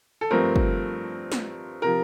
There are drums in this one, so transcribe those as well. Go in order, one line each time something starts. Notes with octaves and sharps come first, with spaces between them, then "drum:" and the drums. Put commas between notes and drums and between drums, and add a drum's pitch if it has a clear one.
A4
G2 F3 A3 C4 A#4
drum: kick
drum: snare
C3 F3 A#4